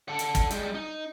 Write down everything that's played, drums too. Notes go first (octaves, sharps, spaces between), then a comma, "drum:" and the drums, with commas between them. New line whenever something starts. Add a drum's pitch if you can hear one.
A4 F#5
drum: hi-hat
drum: kick, hi-hat
G3 G#3, drum: hi-hat
D#4